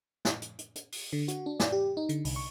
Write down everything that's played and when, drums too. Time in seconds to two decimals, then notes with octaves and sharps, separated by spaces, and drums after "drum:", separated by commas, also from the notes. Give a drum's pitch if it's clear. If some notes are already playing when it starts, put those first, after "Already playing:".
0.25 drum: snare
0.42 drum: hi-hat
0.59 drum: hi-hat
0.75 drum: hi-hat
0.92 drum: open hi-hat
1.13 D3
1.28 F#4, drum: hi-hat
1.46 D4
1.60 D5, drum: snare
1.72 G4
1.97 D#4
2.09 D3, drum: hi-hat
2.25 C2, drum: open hi-hat
2.36 C#6